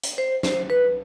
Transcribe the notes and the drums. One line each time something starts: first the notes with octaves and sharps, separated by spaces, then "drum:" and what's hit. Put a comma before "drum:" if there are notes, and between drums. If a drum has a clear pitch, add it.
drum: hi-hat
C5
C5, drum: snare
B4